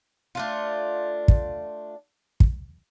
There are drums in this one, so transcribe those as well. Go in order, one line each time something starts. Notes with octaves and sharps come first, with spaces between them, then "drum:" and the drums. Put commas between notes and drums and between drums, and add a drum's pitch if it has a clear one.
A3 D4 F4
drum: kick
drum: kick